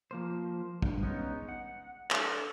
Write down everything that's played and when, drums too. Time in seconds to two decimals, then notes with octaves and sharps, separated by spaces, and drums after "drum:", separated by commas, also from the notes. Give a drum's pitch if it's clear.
0.11 F3 A#3 C5
0.82 G2, drum: kick
1.02 G#3 B3 C#4 D#4
1.49 F#5
2.11 D4 A4 D5, drum: clap